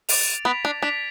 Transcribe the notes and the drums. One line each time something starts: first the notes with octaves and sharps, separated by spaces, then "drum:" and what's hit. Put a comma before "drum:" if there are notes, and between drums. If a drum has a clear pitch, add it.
D6 A6 D7 F7, drum: open hi-hat
B3 G#6 B6 D7 F7
D4
D4 G#6 B6 D7 F7